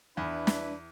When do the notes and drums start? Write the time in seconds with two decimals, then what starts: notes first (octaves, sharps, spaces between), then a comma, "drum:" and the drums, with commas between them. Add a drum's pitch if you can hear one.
0.17 E2 D4 E4 B4
0.47 drum: snare